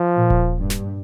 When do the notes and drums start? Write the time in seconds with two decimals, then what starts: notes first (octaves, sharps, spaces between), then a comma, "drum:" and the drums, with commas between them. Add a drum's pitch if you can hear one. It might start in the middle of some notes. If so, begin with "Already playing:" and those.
Already playing: F3
0.17 A#2
0.30 drum: kick D#1
0.57 G2
0.70 drum: snare